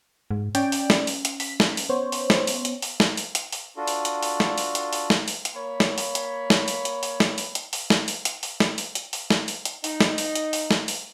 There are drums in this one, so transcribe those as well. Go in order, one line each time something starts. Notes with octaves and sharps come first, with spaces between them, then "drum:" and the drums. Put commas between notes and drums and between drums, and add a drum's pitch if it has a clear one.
G#2
C#4 D5 G5, drum: hi-hat
drum: open hi-hat
drum: snare
drum: open hi-hat
drum: hi-hat
B6, drum: open hi-hat
drum: snare
drum: open hi-hat
B3 C5 C#5
drum: open hi-hat
drum: snare
drum: open hi-hat
drum: hi-hat
drum: open hi-hat
drum: snare
drum: open hi-hat
drum: hi-hat
drum: open hi-hat
D4 F4 F#4 A4
drum: open hi-hat
drum: hi-hat
drum: open hi-hat
drum: snare
drum: open hi-hat
drum: hi-hat
drum: open hi-hat
drum: snare
drum: open hi-hat
drum: hi-hat
A#3 C#5 B5
drum: snare
drum: open hi-hat
drum: hi-hat
drum: snare
drum: open hi-hat
drum: hi-hat
drum: open hi-hat
drum: snare
drum: open hi-hat
drum: hi-hat
drum: open hi-hat
drum: snare
drum: open hi-hat
drum: hi-hat
drum: open hi-hat
drum: snare
drum: open hi-hat
drum: hi-hat
drum: open hi-hat
drum: snare
drum: open hi-hat
drum: hi-hat
D#4, drum: open hi-hat
drum: snare
drum: open hi-hat
drum: hi-hat
drum: open hi-hat
drum: snare
drum: open hi-hat